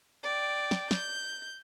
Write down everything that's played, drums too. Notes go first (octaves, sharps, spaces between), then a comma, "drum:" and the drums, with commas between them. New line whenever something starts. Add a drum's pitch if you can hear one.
D5 G5
drum: snare
G6, drum: snare